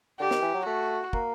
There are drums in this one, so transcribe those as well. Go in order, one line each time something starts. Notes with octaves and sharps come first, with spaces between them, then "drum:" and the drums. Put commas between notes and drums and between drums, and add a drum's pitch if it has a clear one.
D3 G4
D#3, drum: snare
E3
F#3
A3 F#4
A#3, drum: kick